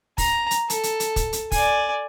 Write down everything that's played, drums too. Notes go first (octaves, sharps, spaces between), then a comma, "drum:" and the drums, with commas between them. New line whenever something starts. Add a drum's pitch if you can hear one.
A#5, drum: kick, open hi-hat
drum: hi-hat
A4, drum: hi-hat
drum: hi-hat
drum: hi-hat
drum: kick, hi-hat
drum: hi-hat
D5 G#5, drum: kick, open hi-hat